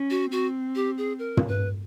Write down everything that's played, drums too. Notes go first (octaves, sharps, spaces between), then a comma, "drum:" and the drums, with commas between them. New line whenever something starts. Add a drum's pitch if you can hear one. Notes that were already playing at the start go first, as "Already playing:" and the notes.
Already playing: C#4
F#4
C4 F#4
G4
G#4
A#4
drum: tom
B4